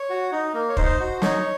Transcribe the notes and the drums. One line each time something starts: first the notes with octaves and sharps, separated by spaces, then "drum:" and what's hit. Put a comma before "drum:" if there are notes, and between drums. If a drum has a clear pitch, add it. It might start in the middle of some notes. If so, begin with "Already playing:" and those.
Already playing: C#5
F#4
D#4
A#3
C#5
D#4 C5, drum: kick
F#4
D#4 C#5, drum: snare